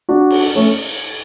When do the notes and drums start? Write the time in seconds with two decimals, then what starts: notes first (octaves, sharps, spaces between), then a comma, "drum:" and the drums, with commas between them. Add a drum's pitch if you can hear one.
0.09 D4 F#4
0.31 drum: cymbal
0.55 A3 C#4